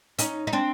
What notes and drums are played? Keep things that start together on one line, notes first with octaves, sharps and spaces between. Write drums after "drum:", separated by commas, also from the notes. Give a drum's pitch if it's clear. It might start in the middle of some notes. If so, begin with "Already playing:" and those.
C#4 D#4, drum: hi-hat
D#4
C4 D4